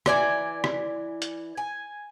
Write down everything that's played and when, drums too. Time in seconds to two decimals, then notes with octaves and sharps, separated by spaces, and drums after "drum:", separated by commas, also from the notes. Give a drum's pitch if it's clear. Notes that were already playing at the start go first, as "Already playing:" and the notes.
0.06 E3 D5 G#5, drum: rim click
0.64 drum: rim click
1.22 drum: hi-hat
1.58 G#5